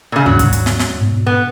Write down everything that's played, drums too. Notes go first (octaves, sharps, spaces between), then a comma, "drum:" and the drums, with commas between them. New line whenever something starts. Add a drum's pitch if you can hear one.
A#2 C#3
D#2 G#2 F#3
drum: kick, hi-hat
drum: hi-hat
drum: snare
drum: snare
G#2 B2
B3